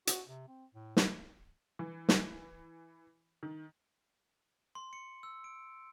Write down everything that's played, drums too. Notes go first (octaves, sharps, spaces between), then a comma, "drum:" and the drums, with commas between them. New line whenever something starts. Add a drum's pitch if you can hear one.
F#4, drum: hi-hat
C3
C4
A2
E4, drum: snare
E3
drum: snare
D#3
C6
C#7
E6
D7